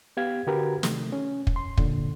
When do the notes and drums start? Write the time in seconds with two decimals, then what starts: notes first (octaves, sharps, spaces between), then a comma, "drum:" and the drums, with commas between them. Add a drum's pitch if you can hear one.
0.17 B3 G4 F5 G#6
0.47 D3 F#4 G4 A#4 B4
0.83 C3 D#3 A3, drum: snare
1.12 C#4
1.47 drum: kick
1.56 C6
1.77 A#2 D3, drum: kick